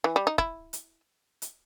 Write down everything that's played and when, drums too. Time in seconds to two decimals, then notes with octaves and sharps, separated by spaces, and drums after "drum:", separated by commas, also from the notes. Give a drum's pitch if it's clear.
0.04 E3
0.16 G3
0.27 D#4
0.38 E4, drum: kick
0.73 drum: hi-hat
1.42 drum: hi-hat